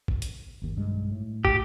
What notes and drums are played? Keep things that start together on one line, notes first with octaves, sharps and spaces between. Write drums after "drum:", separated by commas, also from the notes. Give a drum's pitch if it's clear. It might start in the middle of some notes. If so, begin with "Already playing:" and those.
drum: kick
drum: hi-hat
G1 D#2
B1 G2 G#3
A2
G4, drum: kick